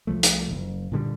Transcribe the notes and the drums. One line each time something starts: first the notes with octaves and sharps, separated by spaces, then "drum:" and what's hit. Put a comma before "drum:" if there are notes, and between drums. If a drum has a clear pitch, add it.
C2 F3 A3
drum: hi-hat
F#1
A#2 D3 G3